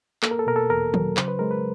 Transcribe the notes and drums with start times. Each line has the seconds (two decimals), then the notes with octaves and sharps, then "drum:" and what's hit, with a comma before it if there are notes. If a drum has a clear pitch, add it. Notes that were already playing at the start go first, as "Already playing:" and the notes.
0.23 A#3 A4, drum: clap
0.31 A#4
0.39 A4
0.47 B2 A#4
0.56 A4
0.70 E2 A#4
0.94 F#3, drum: tom D#3
1.17 C#3 C5, drum: clap
1.28 B4
1.39 G#3 A#4
1.51 B4